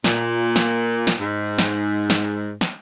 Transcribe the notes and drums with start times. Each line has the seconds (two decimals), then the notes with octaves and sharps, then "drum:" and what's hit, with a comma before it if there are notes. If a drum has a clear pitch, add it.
0.04 A#2, drum: snare
0.56 drum: snare
1.07 drum: snare
1.19 G#2
1.58 drum: snare
2.10 drum: snare
2.61 drum: snare